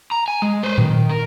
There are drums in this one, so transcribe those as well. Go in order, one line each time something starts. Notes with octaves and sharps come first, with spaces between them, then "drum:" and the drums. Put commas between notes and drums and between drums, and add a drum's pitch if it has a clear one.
A#5
G#5
G#3
B4 C5
D#3, drum: tom A#2
A#4